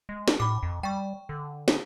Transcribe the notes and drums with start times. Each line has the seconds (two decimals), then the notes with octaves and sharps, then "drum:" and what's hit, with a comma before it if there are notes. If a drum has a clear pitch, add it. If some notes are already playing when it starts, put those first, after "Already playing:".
0.09 G#3
0.28 drum: snare
0.40 A2 B5 D6
0.63 F2
0.83 G3 G5 C#6
1.29 D3
1.68 drum: snare